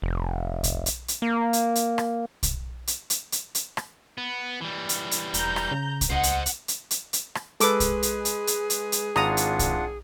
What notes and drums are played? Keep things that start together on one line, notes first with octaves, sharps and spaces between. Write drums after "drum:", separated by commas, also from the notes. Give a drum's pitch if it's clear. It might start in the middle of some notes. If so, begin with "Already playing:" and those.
F1
drum: kick, hi-hat
drum: hi-hat
drum: hi-hat
A#3
drum: hi-hat
drum: hi-hat
drum: rim click
drum: kick, hi-hat
drum: hi-hat
drum: hi-hat
drum: hi-hat
drum: hi-hat
drum: rim click
B3
E3 G3
drum: hi-hat
drum: hi-hat
E1 A#5 G6, drum: hi-hat
drum: rim click
C#3
drum: kick, hi-hat
C#2 C5 D#5 F#5
drum: hi-hat
drum: hi-hat
drum: hi-hat
drum: hi-hat
drum: hi-hat
drum: rim click
G#3 G#4 A4 B4 D6, drum: hi-hat
drum: kick, hi-hat
drum: hi-hat
drum: hi-hat
drum: hi-hat
drum: hi-hat
drum: hi-hat
G#1 D4 F4 F#5 A#5 D#6, drum: rim click
drum: hi-hat
drum: kick, hi-hat